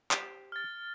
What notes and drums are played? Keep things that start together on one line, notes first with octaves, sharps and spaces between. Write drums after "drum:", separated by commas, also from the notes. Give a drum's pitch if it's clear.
G4 C5, drum: clap
F6 A6